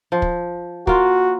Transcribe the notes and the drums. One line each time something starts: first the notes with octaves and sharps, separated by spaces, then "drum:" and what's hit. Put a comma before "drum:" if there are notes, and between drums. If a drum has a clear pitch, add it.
F3
drum: kick
A#3 F4 F#4, drum: kick